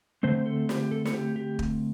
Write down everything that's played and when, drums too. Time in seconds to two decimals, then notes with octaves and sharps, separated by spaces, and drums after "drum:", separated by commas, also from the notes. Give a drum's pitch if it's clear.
0.23 D3 A3 C4 C5
0.46 A4
0.69 G4, drum: snare
0.91 A4
1.05 A4, drum: snare
1.14 G4
1.36 G4
1.59 drum: kick